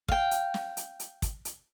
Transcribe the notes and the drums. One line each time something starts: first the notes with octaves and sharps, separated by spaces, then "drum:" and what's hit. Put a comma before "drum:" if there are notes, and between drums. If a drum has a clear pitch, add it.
F5 G5, drum: kick
drum: hi-hat
drum: snare
drum: hi-hat
drum: hi-hat
drum: kick, hi-hat
drum: hi-hat